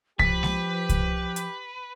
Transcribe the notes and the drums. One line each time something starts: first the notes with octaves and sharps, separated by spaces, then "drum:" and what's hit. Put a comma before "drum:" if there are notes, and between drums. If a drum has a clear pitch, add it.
F3 G4 B4 B6, drum: kick C2
drum: snare G#3
drum: kick C2, hi-hat
drum: hi-hat